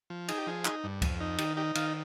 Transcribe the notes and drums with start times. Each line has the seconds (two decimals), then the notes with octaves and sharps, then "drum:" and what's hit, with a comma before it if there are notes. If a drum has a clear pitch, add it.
0.10 F3
0.28 D#4 G#4, drum: cymbal
0.38 G4
0.47 F3 G#4
0.65 D#4, drum: clap
0.84 G2
1.02 F2, drum: kick C#2, cymbal
1.21 D#4
1.38 D#3 G4, drum: cymbal
1.57 D#4 G4
1.75 D#3 F5, drum: cymbal